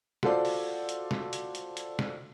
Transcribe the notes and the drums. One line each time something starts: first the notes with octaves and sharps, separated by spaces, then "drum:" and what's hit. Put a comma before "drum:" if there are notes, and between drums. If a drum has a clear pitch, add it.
F4 F#4 A4 C5 D5 F5, drum: snare
drum: open hi-hat
drum: hi-hat
drum: snare
drum: hi-hat
drum: hi-hat
drum: hi-hat
drum: snare